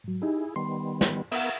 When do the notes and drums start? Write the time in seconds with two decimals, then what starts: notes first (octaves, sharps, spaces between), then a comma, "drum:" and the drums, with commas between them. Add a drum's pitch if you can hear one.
0.04 G#2 F#3
0.22 D#4 E4 G4 G#4
0.56 D#3 G3 B3 C6
1.01 drum: snare
1.32 B3 A#4 E5 F#5 E6, drum: cymbal